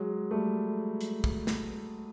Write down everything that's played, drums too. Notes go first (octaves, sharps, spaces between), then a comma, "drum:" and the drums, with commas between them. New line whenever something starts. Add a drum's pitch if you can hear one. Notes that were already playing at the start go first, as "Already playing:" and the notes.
Already playing: F#3 G#3
G3 A3
drum: hi-hat
drum: kick
drum: snare